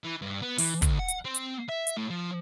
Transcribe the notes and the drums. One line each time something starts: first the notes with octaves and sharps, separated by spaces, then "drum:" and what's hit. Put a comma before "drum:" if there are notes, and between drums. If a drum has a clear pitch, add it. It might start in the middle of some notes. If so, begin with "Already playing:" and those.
E3
G2
B3
E3, drum: open hi-hat
D2, drum: kick, hi-hat
F#5
drum: hi-hat
C4
drum: hi-hat
E5
drum: hi-hat
A2
F3